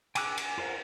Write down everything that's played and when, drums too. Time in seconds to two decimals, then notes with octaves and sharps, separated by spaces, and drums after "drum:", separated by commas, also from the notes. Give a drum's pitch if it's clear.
0.15 G5 G#5 D6 E6 F#6, drum: cymbal
0.38 G#5, drum: cymbal
0.58 F4 A#4 C5 F5 F#5